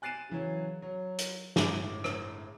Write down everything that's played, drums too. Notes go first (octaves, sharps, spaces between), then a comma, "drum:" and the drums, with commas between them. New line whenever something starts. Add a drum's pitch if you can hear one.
G#5 F#6 A6 C7 D#7 E7
C#3 E3 F#3
F#3
drum: hi-hat
G1 A2 G#3 D#4 D6 D#7, drum: snare
drum: rim click